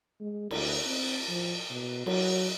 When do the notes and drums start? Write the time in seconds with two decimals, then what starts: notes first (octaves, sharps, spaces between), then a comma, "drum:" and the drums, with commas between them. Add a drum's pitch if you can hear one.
0.20 G#3
0.51 D2, drum: cymbal
0.86 C4
1.29 F3
1.70 B2
2.06 F#3, drum: cymbal